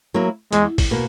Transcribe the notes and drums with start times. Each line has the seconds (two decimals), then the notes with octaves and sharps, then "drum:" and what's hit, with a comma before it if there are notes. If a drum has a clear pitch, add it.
0.14 F#3 A#3 E4
0.53 E2 G#3, drum: hi-hat
0.78 drum: kick, open hi-hat
0.91 B2 A#3